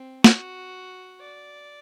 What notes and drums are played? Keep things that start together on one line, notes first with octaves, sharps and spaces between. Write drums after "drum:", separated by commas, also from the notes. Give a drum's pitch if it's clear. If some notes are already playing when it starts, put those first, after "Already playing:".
Already playing: C4
F#4, drum: snare
D5